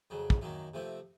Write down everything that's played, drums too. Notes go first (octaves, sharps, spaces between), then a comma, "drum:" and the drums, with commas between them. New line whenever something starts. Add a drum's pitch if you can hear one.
F2 C#3 F#3
drum: kick
F#2 D#3 F#3 A#3
C3 F3 A3 C4